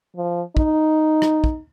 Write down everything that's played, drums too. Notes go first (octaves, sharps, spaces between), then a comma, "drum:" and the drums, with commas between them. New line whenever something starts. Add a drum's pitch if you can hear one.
F3
D#4, drum: kick
drum: rim click
drum: kick